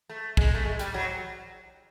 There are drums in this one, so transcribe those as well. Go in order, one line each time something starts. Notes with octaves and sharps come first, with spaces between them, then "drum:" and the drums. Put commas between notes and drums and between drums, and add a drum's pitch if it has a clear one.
A3
G#3, drum: kick
A3
G#3
G3, drum: hi-hat
F#3